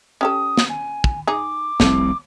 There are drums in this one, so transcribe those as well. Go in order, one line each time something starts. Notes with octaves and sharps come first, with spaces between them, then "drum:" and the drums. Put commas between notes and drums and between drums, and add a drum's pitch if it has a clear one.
C#4 G4 A4 D#6
drum: snare
G#5
drum: kick
D#4 G#4 D6
F1 C2 C4 E4 A4, drum: snare